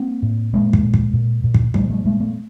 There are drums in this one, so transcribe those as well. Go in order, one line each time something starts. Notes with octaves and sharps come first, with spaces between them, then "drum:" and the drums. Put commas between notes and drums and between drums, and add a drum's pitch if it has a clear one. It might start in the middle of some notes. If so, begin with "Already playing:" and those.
Already playing: A#3 C4
A2
A#2 G#3 A#3
drum: kick
A#2
drum: kick
A#2
A#2
drum: kick
A#2 G3 A3, drum: kick
G3 A3
A#2 G#3 A#3
A3 B3